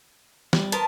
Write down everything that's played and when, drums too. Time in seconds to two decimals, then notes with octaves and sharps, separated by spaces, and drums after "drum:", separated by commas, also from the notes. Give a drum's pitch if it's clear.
0.53 G3, drum: snare
0.72 B3 A#4 C5 A5, drum: hi-hat